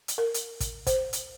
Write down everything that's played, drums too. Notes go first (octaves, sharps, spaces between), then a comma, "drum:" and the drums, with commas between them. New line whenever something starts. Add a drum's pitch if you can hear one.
drum: hi-hat
A#4
drum: hi-hat
drum: kick, hi-hat
C5, drum: kick, hi-hat
drum: hi-hat